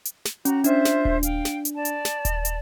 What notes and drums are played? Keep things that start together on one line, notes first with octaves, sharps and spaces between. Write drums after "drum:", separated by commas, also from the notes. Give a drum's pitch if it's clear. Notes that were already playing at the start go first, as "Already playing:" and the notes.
drum: hi-hat
drum: snare
C#4 F#4 A#5, drum: hi-hat
D4 F4 C5 E5, drum: hi-hat
drum: snare
drum: kick D#1
F5 G5, drum: hi-hat
drum: snare
drum: hi-hat
D5 A5
drum: hi-hat
drum: snare
drum: kick D#1, hi-hat
drum: hi-hat